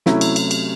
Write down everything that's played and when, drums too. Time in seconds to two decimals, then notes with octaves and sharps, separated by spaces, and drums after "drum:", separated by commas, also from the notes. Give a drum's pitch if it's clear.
0.06 C3 F#3 A3 C#4 E4, drum: snare
0.21 drum: cymbal
0.36 drum: cymbal
0.51 drum: cymbal